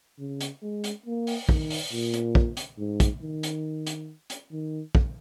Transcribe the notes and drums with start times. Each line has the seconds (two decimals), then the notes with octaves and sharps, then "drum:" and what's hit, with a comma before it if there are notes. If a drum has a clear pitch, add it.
0.19 C#3
0.41 drum: hi-hat
0.62 G#3
0.84 drum: hi-hat
1.06 A#3
1.27 drum: open hi-hat
1.49 D#3, drum: kick
1.70 drum: open hi-hat
1.92 A#2
2.14 drum: hi-hat
2.35 drum: kick
2.57 drum: hi-hat
2.78 G#2
3.00 drum: kick, hi-hat
3.22 D#3
3.43 drum: hi-hat
3.87 drum: hi-hat
4.30 drum: hi-hat
4.52 D#3
4.95 drum: kick